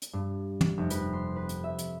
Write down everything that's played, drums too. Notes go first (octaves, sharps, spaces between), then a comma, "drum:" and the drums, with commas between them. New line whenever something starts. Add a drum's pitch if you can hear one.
drum: hi-hat
G2
drum: tom
F1
B4, drum: hi-hat
C6
B4
drum: hi-hat
E5
drum: hi-hat